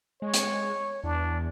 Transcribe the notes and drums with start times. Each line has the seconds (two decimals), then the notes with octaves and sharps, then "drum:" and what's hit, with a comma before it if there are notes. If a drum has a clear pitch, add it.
0.22 G#3 C#5
0.34 drum: hi-hat
1.04 E2 D4